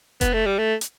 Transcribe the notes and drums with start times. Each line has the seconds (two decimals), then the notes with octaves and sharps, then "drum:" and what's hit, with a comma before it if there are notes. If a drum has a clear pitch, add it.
0.21 B3, drum: kick F1, hi-hat
0.34 A3
0.46 G3
0.58 A3
0.81 drum: hi-hat